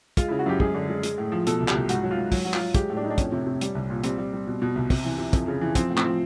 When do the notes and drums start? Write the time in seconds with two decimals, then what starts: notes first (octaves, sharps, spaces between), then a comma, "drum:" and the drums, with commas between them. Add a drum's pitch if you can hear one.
0.17 G#3 F4, drum: kick, hi-hat
0.28 C#3 E4
0.39 F#4
0.46 F#2 G4
0.60 G#3 G#4, drum: kick
0.74 D3
0.89 G#3
1.03 G#3, drum: hi-hat
1.18 A2
1.32 F3
1.47 B2 A4, drum: hi-hat
1.60 C2
1.68 G4, drum: clap
1.75 C2
1.89 G#2 F#4, drum: hi-hat
2.03 F#3
2.11 F4
2.18 G#2
2.32 F#3, drum: kick, open hi-hat
2.45 F#3 F#4
2.54 F4, drum: clap
2.61 F#3
2.74 G#3 G4, drum: kick, hi-hat
2.90 A2
2.97 D4
3.04 A2 D#4
3.10 D4
3.18 F2 C#4, drum: kick, hi-hat
3.32 C3
3.47 C3
3.61 G3, drum: hi-hat
3.75 C2
3.90 A#2
4.04 G3 C4, drum: hi-hat
4.18 G3
4.33 G3
4.47 B2
4.62 B2
4.75 C2
4.90 C3, drum: kick, open hi-hat
5.04 E3
5.18 C3
5.33 F2, drum: kick, hi-hat
5.48 C#3
5.61 E3
5.75 F3 C4, drum: kick, hi-hat
5.90 A2
5.97 C4, drum: clap
6.05 F3